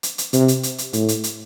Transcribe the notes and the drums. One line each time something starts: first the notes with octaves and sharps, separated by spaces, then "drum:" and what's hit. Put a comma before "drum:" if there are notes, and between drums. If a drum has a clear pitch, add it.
drum: hi-hat
drum: hi-hat
C3, drum: hi-hat
drum: hi-hat
drum: hi-hat
drum: hi-hat
A2, drum: hi-hat
drum: hi-hat
drum: hi-hat